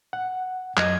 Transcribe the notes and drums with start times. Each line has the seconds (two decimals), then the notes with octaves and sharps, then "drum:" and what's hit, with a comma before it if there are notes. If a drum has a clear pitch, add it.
0.13 F#5
0.77 F#2 D#5 G#6, drum: clap